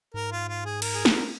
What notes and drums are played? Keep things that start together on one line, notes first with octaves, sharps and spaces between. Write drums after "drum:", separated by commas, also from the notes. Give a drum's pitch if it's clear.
G#2 A#4
F4
F4
G#4
A#4, drum: cymbal
G#4
A#4, drum: snare